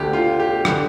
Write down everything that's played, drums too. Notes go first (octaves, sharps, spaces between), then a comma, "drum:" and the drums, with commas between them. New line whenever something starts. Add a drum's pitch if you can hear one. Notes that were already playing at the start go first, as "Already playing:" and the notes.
Already playing: D2 D3 G4
F4
G4
D3, drum: rim click